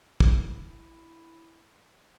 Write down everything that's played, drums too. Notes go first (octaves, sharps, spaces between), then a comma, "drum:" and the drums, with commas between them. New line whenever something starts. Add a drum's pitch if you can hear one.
D4 E4, drum: kick